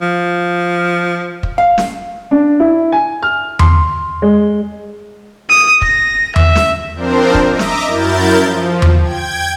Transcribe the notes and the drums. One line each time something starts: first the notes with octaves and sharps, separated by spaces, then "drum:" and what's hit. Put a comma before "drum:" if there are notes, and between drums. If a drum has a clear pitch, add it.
F3
drum: kick
F5
drum: snare
D4
E4
G#5
F6
C6, drum: tom E2
G#3
D#6
A#6, drum: kick
E5, drum: tom E2
drum: snare
F3 C4 D4 A#4 C5
drum: kick
D#5 E5 A#5 D6
drum: snare
F#2 E4 A#4 G6 A6
F3
drum: tom E2
G5 G#6